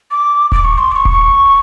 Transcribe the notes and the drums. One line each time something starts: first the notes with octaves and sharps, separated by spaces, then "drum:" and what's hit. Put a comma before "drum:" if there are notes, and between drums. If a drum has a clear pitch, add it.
D6
D6, drum: kick D#1
C#6
C6
D6
C#6
drum: kick D#1